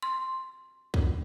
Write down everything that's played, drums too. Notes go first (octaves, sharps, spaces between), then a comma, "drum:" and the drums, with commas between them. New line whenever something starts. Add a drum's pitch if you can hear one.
C6
drum: kick